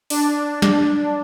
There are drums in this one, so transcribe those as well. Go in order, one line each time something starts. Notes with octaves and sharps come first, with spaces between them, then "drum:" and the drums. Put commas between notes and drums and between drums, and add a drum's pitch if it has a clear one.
D4, drum: open hi-hat
drum: snare